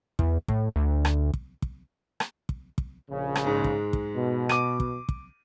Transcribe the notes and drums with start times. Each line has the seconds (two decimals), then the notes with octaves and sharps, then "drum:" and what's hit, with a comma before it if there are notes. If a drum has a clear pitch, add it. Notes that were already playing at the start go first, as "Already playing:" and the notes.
0.19 E2, drum: kick
0.48 A2, drum: kick
0.76 D2
1.05 drum: rim click
1.34 drum: kick
1.62 drum: kick
2.20 drum: rim click
2.49 drum: kick
2.78 drum: kick
3.09 A#1 C#3
3.35 drum: rim click
3.45 G#2 G#3
3.64 drum: kick
3.93 drum: kick
4.14 B2
4.49 D6 D#7, drum: rim click
4.80 drum: kick
5.09 drum: kick